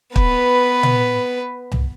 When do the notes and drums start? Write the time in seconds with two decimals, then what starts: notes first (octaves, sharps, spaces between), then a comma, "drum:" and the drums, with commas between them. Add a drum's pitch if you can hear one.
0.16 B3 B4, drum: kick
0.83 drum: tom A#2
1.72 drum: tom C2